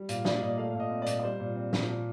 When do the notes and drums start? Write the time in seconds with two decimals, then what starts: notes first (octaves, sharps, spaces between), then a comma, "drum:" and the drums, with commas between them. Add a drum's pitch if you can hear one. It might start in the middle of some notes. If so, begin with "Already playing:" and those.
Already playing: G3
0.09 A#2 F5, drum: hi-hat
0.25 A#3 D5, drum: snare
0.41 A#2 D#5
0.57 A3 F5
0.71 A#2 F5
0.80 D#5
0.91 C4
1.02 D5
1.06 A#2, drum: hi-hat
1.20 D5
1.24 G3 C5
1.40 A#2
1.55 C4
1.73 A#2, drum: snare
1.88 F3